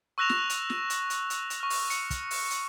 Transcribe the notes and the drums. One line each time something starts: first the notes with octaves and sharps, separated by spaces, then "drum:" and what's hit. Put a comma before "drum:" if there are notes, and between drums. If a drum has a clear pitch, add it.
C#6 E6 F#6 A#6 E7 F7
drum: snare
drum: hi-hat
drum: snare
drum: hi-hat
drum: hi-hat
drum: hi-hat
drum: hi-hat
C#6 F6
drum: open hi-hat
C#7, drum: hi-hat
drum: kick, hi-hat
drum: open hi-hat
drum: hi-hat